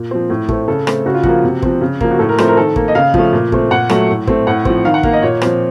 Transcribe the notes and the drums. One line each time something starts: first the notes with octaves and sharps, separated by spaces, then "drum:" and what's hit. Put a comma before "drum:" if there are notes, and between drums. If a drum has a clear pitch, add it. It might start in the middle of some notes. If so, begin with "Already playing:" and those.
Already playing: A#2
F3 C4
A2
A3 C4, drum: kick
C#3 A4
A3 C4, drum: rim click
C#3 F#4
F4
F3 A#3 F#4, drum: kick
C3
F3 C4, drum: kick
C#3
F3 A#3, drum: kick
F#4
A2 A4
A#4
F3 A3 C4 C5, drum: rim click
A#4
D#3 A4
A#3, drum: kick
D#5
C#3 F5
F3 A3, drum: kick
A#2
A3 C4, drum: kick
A#2 F#5
F#3 A3, drum: rim click
A2
A3 C4, drum: kick
A2 F#5
F3 C4, drum: kick
D#3 F5
F#5
A#3 F5, drum: kick
D#5
A#2 C#5
F3 C4, drum: rim click